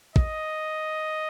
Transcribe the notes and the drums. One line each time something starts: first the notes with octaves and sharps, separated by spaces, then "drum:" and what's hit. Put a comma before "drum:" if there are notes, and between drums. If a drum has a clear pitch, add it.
D#5, drum: kick